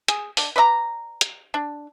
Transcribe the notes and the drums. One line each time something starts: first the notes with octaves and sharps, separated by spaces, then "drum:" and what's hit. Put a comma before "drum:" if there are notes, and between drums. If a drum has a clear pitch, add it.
G#4, drum: hi-hat
D4, drum: open hi-hat
B4 D5 D#5 A#5
drum: hi-hat
D4